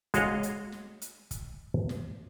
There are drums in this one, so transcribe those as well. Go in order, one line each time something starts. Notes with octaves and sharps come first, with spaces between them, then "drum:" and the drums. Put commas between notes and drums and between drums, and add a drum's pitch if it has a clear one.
G#3 F#4 G#4 C#5 D#5 F5, drum: kick, hi-hat
drum: hi-hat
drum: snare
drum: hi-hat
drum: kick, hi-hat
drum: snare